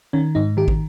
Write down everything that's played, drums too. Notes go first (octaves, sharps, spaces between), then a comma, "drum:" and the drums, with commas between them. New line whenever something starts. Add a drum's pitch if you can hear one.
D#3 C#4
G#2 D#4
D#3 G4
drum: kick